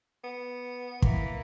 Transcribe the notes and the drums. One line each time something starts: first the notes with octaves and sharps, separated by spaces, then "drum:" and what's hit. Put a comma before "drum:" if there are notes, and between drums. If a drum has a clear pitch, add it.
B3
E3 A#3, drum: kick